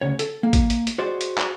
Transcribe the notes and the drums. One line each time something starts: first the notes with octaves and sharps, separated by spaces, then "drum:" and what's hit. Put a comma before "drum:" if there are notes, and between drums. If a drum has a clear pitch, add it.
D2 C#3 C#5
A4, drum: hi-hat
A#3
drum: kick A1, hi-hat
drum: hi-hat
drum: hi-hat
F#4 G#4 C5 D5 D#5
drum: hi-hat
drum: clap